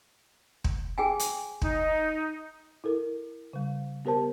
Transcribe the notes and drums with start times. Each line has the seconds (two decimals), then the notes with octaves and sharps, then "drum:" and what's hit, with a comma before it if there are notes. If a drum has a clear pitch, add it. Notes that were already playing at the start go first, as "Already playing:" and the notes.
0.64 drum: kick
0.98 G#4 G5 G#5
1.19 drum: hi-hat
1.62 D#4, drum: kick
2.84 E4 A4 A#4
3.53 C#3 G3
4.05 B3 G4 A#4 C5 A5